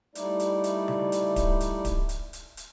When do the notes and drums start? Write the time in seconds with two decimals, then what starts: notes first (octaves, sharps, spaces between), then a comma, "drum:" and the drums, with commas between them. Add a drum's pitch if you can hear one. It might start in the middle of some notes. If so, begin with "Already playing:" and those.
0.15 G3 A3 D#4 E4 D5, drum: hi-hat
0.39 drum: hi-hat
0.64 drum: hi-hat
0.88 drum: tom C#3
1.12 drum: hi-hat
1.36 drum: kick D1, hi-hat
1.60 drum: hi-hat
1.85 drum: kick D1, hi-hat
2.09 drum: hi-hat
2.33 drum: hi-hat
2.57 drum: hi-hat